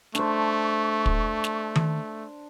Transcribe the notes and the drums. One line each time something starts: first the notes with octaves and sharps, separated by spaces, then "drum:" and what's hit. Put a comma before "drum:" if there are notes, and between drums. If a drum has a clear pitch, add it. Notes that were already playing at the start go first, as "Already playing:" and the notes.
A3 D4 C5 C#6, drum: snare
drum: kick
drum: snare
drum: tom D#3